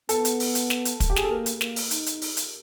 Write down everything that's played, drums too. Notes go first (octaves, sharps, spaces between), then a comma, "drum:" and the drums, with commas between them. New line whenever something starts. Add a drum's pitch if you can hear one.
B3 A4, drum: hi-hat
drum: hi-hat
drum: open hi-hat
drum: hi-hat
drum: snare
drum: hi-hat
drum: kick, hi-hat
G4
G#4, drum: snare
A4
A#3 A#4
drum: hi-hat
A#3, drum: snare
drum: open hi-hat
D#4, drum: hi-hat
drum: hi-hat
drum: open hi-hat
drum: hi-hat